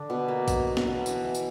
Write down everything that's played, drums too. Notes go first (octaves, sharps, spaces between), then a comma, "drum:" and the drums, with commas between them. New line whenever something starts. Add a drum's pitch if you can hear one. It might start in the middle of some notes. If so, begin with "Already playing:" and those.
Already playing: D3 D4
B2
A#3
F#3, drum: kick A#1, tambourine
B2
drum: snare
B2
E3, drum: tambourine
E3
drum: tambourine